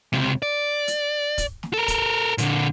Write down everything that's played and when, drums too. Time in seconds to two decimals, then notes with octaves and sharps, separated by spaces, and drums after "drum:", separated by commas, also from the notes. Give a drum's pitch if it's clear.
0.13 C#2 C3, drum: snare
0.42 D5
0.88 drum: hi-hat
1.38 drum: kick, hi-hat
1.63 drum: snare
1.74 A4 A#4
1.88 drum: kick, hi-hat
2.38 A#2 D3, drum: hi-hat